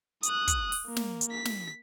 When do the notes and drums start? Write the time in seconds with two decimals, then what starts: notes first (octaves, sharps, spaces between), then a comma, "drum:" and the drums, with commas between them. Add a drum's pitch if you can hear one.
0.23 D#6 F#6, drum: hi-hat
0.48 drum: kick, hi-hat
0.72 drum: open hi-hat
0.87 A#3
0.96 drum: snare
1.21 drum: hi-hat
1.31 B6
1.45 drum: snare